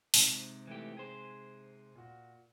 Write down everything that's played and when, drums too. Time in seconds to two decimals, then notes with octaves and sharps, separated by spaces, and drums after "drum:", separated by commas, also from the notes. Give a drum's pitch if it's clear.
0.14 G#2 C3, drum: open hi-hat
0.67 E3 A3 G4
0.97 G#4 C5
1.95 A#2 F#4